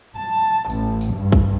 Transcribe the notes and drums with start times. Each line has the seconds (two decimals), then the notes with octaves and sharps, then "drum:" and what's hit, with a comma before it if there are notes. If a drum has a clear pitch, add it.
0.15 A5
0.70 A1, drum: tambourine
1.01 drum: tambourine
1.13 G2
1.32 drum: kick